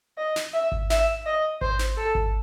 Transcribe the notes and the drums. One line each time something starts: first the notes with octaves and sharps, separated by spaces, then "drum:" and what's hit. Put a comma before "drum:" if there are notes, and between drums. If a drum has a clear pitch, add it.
D#5
drum: snare
E5
drum: kick G#1
E5, drum: snare
D#5
C5, drum: kick G#1
drum: snare
A4
drum: kick G#1